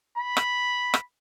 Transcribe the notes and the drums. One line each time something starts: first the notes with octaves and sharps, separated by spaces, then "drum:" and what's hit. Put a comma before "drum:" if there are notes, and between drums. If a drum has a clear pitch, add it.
B5
drum: rim click
drum: rim click